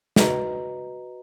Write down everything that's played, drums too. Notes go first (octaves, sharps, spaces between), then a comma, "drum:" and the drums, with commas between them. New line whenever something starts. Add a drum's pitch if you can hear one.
F#4 B4 D#5 A#5, drum: snare